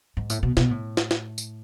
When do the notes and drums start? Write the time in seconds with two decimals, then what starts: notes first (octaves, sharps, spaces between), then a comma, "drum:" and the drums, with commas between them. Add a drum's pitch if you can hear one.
0.17 G#2
0.30 A2, drum: tambourine
0.43 B2
0.57 B2, drum: snare
0.71 A2
0.97 drum: snare
1.11 drum: snare
1.38 drum: tambourine